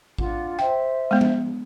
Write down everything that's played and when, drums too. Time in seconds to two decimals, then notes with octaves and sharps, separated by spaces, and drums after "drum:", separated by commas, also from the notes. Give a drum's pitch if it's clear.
0.18 D4 F4 F#5, drum: kick A1
0.59 C5 E5 G5
1.11 G#3 B3
1.21 drum: tom F3